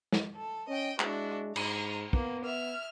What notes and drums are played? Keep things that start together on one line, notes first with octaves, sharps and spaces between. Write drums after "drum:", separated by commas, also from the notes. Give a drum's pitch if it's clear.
drum: snare
A4
C#4 D#5 G5
G#3 D4 E4 F#4, drum: clap
G#2 A#5, drum: cymbal
A#3 B3, drum: kick
E5 F6